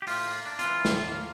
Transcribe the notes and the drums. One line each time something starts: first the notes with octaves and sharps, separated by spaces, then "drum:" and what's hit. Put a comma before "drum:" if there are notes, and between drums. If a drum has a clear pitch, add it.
G4
A2 F4, drum: open hi-hat
A#3
D4
F4, drum: hi-hat
E3
A2, drum: snare
A#3